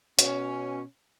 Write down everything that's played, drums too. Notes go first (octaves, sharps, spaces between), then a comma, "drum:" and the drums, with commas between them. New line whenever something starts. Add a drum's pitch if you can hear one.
B2 C#4, drum: hi-hat